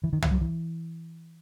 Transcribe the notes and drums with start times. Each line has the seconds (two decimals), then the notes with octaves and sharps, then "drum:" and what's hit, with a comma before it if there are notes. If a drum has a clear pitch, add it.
0.04 E3
0.13 D#3
0.22 E3, drum: tom
0.31 F#3
0.41 E3